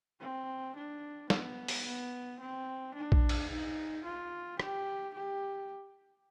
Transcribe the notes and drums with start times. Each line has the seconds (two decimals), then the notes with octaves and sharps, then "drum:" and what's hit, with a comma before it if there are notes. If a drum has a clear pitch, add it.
0.20 C4
0.76 D4
1.30 B3, drum: snare
1.68 drum: open hi-hat
1.85 B3
2.40 C4
2.95 D4
3.12 drum: kick A#1
3.29 drum: cymbal
3.50 D#4
4.04 F4
4.60 G4, drum: rim click
5.14 G4